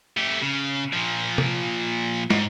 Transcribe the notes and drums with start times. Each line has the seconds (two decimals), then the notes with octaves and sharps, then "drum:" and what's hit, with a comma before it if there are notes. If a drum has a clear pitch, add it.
0.17 A3 G4
0.42 C#3
0.93 A#2 F3
1.38 drum: tom
2.30 G#2, drum: snare